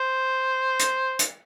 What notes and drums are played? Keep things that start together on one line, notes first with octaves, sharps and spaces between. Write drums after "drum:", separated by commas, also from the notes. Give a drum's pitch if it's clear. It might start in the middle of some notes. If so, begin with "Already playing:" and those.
Already playing: C5
drum: hi-hat
drum: hi-hat